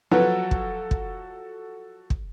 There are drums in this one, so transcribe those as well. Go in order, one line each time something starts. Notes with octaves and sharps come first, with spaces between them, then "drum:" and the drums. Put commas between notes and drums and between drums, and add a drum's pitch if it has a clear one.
F3 F#3 F#4 A4 B4 F#5
drum: kick
drum: kick
drum: kick